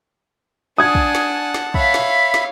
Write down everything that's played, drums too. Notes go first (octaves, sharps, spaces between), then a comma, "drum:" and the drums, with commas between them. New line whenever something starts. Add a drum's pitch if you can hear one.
D4 F#5 G#5 A5 D#6 G#6
drum: kick
drum: snare
drum: snare
C#5 E5 F5 B5, drum: kick
drum: snare
drum: snare